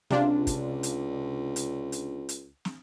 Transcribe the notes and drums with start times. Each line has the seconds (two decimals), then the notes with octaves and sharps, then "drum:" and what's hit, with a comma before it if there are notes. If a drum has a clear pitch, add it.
0.10 C#2 C3 D4 F4, drum: snare
0.47 drum: kick, hi-hat
0.83 drum: hi-hat
1.56 drum: hi-hat
1.92 drum: hi-hat
2.29 drum: hi-hat
2.65 drum: snare